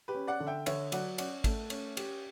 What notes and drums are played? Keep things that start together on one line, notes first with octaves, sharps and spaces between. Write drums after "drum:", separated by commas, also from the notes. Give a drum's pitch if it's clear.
G4 B4
C#4
D5 F#5
D3
E5 G5
D3 C#5 E5, drum: cymbal
F#3 D5 F#5, drum: cymbal
C#4 D5 F#5, drum: cymbal
A3, drum: kick, cymbal
C#4, drum: cymbal
G4, drum: cymbal